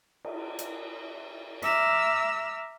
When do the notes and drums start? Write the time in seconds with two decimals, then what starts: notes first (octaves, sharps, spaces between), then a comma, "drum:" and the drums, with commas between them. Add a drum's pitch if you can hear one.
0.24 drum: cymbal
0.59 drum: hi-hat
1.62 E5 A#5 D6 E6 F6, drum: cymbal